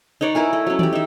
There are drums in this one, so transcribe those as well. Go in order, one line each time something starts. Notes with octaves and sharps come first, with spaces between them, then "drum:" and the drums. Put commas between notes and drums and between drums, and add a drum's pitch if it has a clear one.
D#4 B4 C#5 D5
E4 A#4 G#5
A3
F#3 C#4
G4 D5, drum: tom D#3
D#4 E5